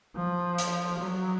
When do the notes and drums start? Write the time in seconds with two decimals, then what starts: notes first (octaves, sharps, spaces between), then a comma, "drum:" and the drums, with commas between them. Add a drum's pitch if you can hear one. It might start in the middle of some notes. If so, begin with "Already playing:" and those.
0.16 F3
0.58 drum: hi-hat
0.99 F#3